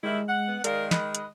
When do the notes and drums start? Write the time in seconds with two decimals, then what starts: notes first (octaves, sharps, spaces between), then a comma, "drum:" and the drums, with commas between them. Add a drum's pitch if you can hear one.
0.03 D#3 G3 G#3 E4
0.29 F#5
0.48 B3
0.64 D#3 G#3 A#4 D5 F5, drum: hi-hat
0.91 D#5 B5 F#6, drum: snare
1.15 drum: hi-hat